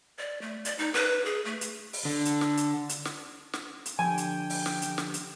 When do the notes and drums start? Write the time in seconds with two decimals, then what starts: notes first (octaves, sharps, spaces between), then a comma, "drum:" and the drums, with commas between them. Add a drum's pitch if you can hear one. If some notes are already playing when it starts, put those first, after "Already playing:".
0.19 D5
0.42 A3
0.65 D5, drum: hi-hat
0.78 D#4
0.94 B4, drum: snare
1.25 G#4
1.45 A3
1.61 drum: hi-hat
1.93 drum: open hi-hat
2.05 D3
2.25 drum: hi-hat
2.41 drum: snare
2.57 drum: hi-hat
2.89 drum: hi-hat
3.05 drum: snare
3.53 drum: snare
3.86 drum: hi-hat
3.99 D3 F3 G4 G5 G#5
4.18 drum: hi-hat
4.50 drum: open hi-hat
4.66 drum: snare
4.82 drum: hi-hat
4.98 drum: snare
5.14 drum: hi-hat